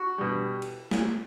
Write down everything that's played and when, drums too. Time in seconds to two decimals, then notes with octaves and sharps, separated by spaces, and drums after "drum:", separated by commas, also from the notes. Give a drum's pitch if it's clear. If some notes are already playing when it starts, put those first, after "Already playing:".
Already playing: F#4
0.18 B2 G3
0.62 drum: cymbal
0.91 drum: snare